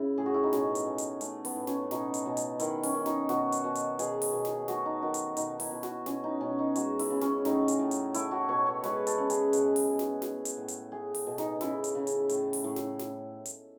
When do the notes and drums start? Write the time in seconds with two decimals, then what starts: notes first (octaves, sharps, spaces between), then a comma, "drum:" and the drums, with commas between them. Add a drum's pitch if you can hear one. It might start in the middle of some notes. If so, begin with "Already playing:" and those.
Already playing: C#3 E4
0.17 A2 G#4
0.26 F#4
0.34 E4
0.43 D#4
0.53 B2 C#4, drum: snare
0.75 drum: hi-hat
0.86 B2
0.98 drum: hi-hat
1.21 A3 C#4, drum: hi-hat
1.45 B3, drum: open hi-hat
1.56 A2
1.67 C#4, drum: snare
1.91 B2 D#4, drum: snare
2.14 drum: hi-hat
2.26 B2
2.37 drum: hi-hat
2.59 D#3 E4, drum: hi-hat
2.83 C#4, drum: open hi-hat
2.95 D#3
3.06 D#4, drum: snare
3.29 B2 F#4, drum: snare
3.52 drum: hi-hat
3.64 B2
3.75 drum: hi-hat
3.99 B2 G#4, drum: hi-hat
4.22 drum: open hi-hat
4.33 B2
4.45 drum: snare
4.68 A3 F#4, drum: snare
4.85 D#4
5.03 D#3 F#4
5.14 drum: hi-hat
5.37 B2 D#4, drum: hi-hat
5.60 E4, drum: open hi-hat
5.71 B2
5.83 F#4, drum: snare
6.06 B2 C#4, drum: snare
6.24 D#4
6.41 B2 C#4
6.59 D#4
6.76 G#3 F#4, drum: hi-hat
6.99 E4, drum: open hi-hat
7.10 C#3
7.21 C#4, drum: snare
7.45 A2 D#4, drum: snare
7.68 drum: hi-hat
7.79 A2
7.91 drum: hi-hat
8.14 A3 E4, drum: hi-hat
8.31 F#4
8.48 B2 C#5
8.67 C#5
8.84 G#3 B4, drum: snare
9.07 A4, drum: hi-hat
9.18 C#3
9.30 G#4, drum: hi-hat
9.53 B2, drum: hi-hat
9.76 drum: open hi-hat
9.87 B2
9.99 drum: snare
10.22 A3 G#4, drum: snare
10.45 drum: hi-hat
10.57 A2
10.68 drum: hi-hat
10.91 A3 G#4
11.15 drum: open hi-hat
11.27 B2
11.38 D#4, drum: snare
11.61 C#3 E4, drum: snare
11.84 drum: hi-hat
11.95 C#3
12.07 drum: hi-hat
12.29 A2, drum: hi-hat
12.53 drum: open hi-hat
12.64 A2
12.76 drum: snare
12.99 drum: snare
13.45 drum: hi-hat